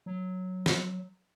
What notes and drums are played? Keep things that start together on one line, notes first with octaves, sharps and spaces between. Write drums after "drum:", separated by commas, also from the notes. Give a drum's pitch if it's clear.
F#3
drum: snare